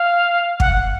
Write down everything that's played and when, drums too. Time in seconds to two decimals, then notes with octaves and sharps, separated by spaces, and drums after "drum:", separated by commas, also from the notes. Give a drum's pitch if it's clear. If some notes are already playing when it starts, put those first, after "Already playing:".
Already playing: F5
0.60 F#5, drum: kick